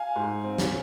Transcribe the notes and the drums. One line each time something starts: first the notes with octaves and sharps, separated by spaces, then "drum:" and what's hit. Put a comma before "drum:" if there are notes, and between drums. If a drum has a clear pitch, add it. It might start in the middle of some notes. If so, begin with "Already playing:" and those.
Already playing: F5 G#5
G#2
C4
drum: snare